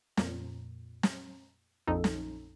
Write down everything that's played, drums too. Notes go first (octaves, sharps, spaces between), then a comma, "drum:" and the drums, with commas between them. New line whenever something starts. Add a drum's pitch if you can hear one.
F2 A#2, drum: snare
drum: snare
A#1 F2 D#4 A4
drum: snare